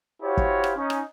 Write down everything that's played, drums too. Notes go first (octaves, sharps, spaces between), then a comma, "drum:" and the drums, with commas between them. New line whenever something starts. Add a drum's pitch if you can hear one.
E4 F#4 G4 C5 C#5 F5
drum: kick
drum: rim click
C#4 D#4
drum: rim click